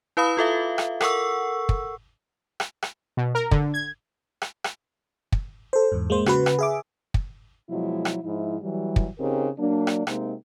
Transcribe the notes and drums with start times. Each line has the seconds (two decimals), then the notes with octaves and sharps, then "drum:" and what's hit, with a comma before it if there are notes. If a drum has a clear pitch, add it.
0.17 E4 B4 F5 B5 D#6
0.37 F4 A4 E5 F5
0.78 drum: rim click
1.01 A4 A#4 F#5 C#6 E6, drum: rim click
1.69 drum: kick
2.60 drum: rim click
2.82 drum: rim click
3.17 B2
3.35 A#4
3.51 D3, drum: kick
3.74 G#6
4.42 drum: rim click
4.64 drum: rim click
5.32 drum: kick
5.73 A4 C5
5.92 E2 G#2
6.10 G#3 A#3 C5
6.26 C#3 F#4 B4, drum: rim click
6.46 drum: rim click
6.59 G#4 E5 D6
7.14 drum: kick
7.70 B2 F3 F#3 G#3 E4
8.05 drum: rim click
8.24 G#2 F3 E4
8.61 E3 F#3 G3
8.96 drum: kick
9.19 C#3 C4 D#4 G4 A#4
9.58 F#3 A#3 D4
9.87 drum: rim click
10.07 C3 G#3 A#3 C4 D#4, drum: rim click